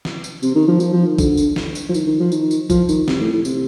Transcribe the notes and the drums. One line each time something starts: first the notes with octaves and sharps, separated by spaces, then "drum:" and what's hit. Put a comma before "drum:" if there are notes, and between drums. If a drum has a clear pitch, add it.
drum: snare
drum: tambourine
C3, drum: tambourine
D#3
F3
F3, drum: tambourine
F3
D#3
D3, drum: kick, tambourine
drum: tambourine
drum: snare
drum: tambourine
F3
D#3, drum: tambourine
D#3
F3
D#3, drum: tambourine
drum: tambourine
F3, drum: kick, tambourine
D#3, drum: tambourine
C3, drum: snare
A2
A2
C3, drum: tambourine